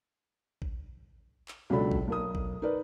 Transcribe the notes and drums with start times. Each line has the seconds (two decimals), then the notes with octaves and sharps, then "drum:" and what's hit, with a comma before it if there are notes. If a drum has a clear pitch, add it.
0.62 drum: kick A1
1.48 drum: clap
1.70 C#2 B2 F#3 D4 A4 B5
1.91 drum: kick A1
2.08 B1 A#4 D#6
2.35 drum: kick A1
2.62 D#4 A#4 B4 D5